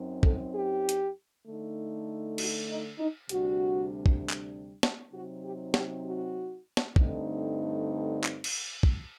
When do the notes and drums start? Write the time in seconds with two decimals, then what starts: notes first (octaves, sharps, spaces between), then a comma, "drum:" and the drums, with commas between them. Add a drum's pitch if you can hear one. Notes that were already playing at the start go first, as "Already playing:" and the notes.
Already playing: F#2 F#3 C4 D#4
0.23 A4, drum: kick
0.55 G4
0.89 drum: hi-hat
1.46 D3 A3 D#4
2.38 F#4, drum: cymbal
2.69 D#4
2.99 D#4
3.29 D2 C3 G3 D4 F#4, drum: hi-hat
4.06 drum: kick
4.30 drum: clap
4.83 drum: snare
5.12 C3 F#3 C4 D#4 F#4
5.43 G4
5.74 G4, drum: snare
6.05 F#4
6.77 drum: snare
6.96 G2 D3 A3 C4 D#4, drum: kick
8.24 drum: clap
8.44 drum: cymbal
8.83 drum: kick